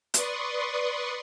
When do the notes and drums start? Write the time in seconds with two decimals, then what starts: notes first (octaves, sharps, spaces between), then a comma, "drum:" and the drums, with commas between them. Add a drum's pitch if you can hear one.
0.14 B4 D5 C6 C#6 D#6, drum: hi-hat